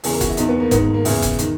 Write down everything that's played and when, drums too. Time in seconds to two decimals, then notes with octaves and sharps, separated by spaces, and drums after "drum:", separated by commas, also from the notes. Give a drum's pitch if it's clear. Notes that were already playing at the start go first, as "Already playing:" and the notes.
0.04 E2 C#3 E3 G#4, drum: open hi-hat
0.13 A#4
0.21 F#4, drum: kick F1, hi-hat
0.30 E4
0.37 E2 B2 D#4, drum: hi-hat
0.49 B3
0.60 A#3
0.71 G#2 D#3 B3, drum: kick F1, hi-hat
0.83 A#3
0.94 A#3
1.05 E2 C#3 E3 E4, drum: open hi-hat
1.22 drum: kick F1, hi-hat
1.39 D#3, drum: hi-hat